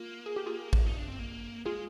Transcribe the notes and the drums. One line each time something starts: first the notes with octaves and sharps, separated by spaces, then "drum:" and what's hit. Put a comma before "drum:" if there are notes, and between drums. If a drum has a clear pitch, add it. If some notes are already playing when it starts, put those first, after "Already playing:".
Already playing: A#3 F4
G#4
G4
F4 G#4
drum: kick A1
D#4
D4
C4
A#3
G#3 F4 G#4